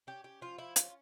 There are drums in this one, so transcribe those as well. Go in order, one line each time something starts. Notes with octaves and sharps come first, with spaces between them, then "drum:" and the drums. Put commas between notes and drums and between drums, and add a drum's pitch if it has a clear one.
C#4 G4
G4
F3 F4
E4
C#4 F4, drum: hi-hat